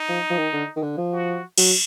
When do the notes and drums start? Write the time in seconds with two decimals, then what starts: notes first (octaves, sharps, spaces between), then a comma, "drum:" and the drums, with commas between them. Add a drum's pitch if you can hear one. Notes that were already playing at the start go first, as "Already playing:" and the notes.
Already playing: D#4
0.09 F3
0.30 F3
0.38 D#3
0.53 D3
0.76 D#3
0.83 D3
0.97 F3
1.12 F#4
1.58 F#3, drum: cymbal